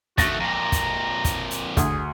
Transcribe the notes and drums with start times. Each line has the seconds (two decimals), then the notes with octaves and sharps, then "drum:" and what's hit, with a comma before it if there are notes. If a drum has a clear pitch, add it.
0.18 D#3 A3 F#4 A6 A#6, drum: kick, hi-hat
0.40 F2 A#2 A#5
0.72 drum: kick, hi-hat
1.24 drum: kick, hi-hat
1.51 drum: hi-hat
1.77 D2 G#4, drum: kick, hi-hat